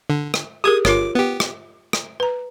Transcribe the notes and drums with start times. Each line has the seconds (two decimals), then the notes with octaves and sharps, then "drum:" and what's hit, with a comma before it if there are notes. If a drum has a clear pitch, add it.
0.10 D3
0.34 drum: rim click
0.64 G4 G#4 A#4 D#6 G#6
0.85 G1 F4 A#4 C#5 D6, drum: rim click
1.15 B3 G4
1.40 drum: rim click
1.93 drum: rim click
2.20 B4 A#5